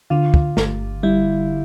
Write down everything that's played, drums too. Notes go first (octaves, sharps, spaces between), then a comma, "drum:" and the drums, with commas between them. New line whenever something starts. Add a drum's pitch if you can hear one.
D3 F4
drum: kick
G1, drum: snare
G3 E4